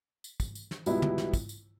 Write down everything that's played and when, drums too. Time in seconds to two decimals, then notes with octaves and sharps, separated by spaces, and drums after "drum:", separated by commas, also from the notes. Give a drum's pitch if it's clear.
0.24 drum: tambourine
0.40 drum: kick, tambourine
0.55 drum: tambourine
0.71 drum: snare
0.86 C#2 B2 G3 B3 E4, drum: tambourine
1.02 drum: tom
1.18 drum: snare
1.33 drum: kick, tambourine
1.49 drum: tambourine